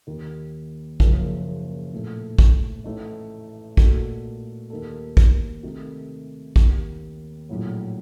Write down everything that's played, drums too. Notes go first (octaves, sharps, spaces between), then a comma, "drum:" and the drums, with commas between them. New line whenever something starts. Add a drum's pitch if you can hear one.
D#2 D#3 A#3
F#1 F#2 C#3 F3 A#3, drum: kick
A#1 A2 A3
drum: kick
A1 A2 A3 D#4
A#2 A3 D#4 F#4 A4, drum: kick
D#2 D#3 A#3 D#4 A4
drum: kick
C3 D#3 A3
D#2 D#3 A#3, drum: kick
A#1 A2 F#3